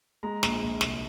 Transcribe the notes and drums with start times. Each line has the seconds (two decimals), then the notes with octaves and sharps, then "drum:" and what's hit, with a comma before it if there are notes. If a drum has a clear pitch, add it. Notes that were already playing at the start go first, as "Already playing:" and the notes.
0.23 G#3 A#5
0.43 A#1, drum: snare
0.62 A#1
0.81 C2, drum: snare